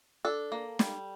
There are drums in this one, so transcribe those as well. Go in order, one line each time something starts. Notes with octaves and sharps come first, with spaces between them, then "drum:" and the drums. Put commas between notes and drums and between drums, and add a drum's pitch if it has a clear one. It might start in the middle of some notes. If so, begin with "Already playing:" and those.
D4 A4
A#3
G3, drum: snare